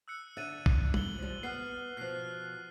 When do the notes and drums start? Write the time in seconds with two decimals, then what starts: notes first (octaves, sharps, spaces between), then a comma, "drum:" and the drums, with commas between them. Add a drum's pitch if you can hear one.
0.08 E6 F#6 C#7
0.37 D3 E5 F#6 A6 D#7
0.66 drum: kick
0.94 F#7 G7, drum: tom
1.18 F3 G3
1.43 B3 F6 F#6 C7
1.97 B2 F3 F#6 C7